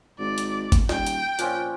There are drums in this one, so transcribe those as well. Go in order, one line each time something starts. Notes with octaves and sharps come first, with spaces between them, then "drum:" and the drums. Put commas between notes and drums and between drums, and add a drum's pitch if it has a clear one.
G#1 D5
drum: hi-hat
drum: kick G1, hi-hat
D#1 G5, drum: snare
drum: hi-hat
A#2 F3 C#4 D4, drum: hi-hat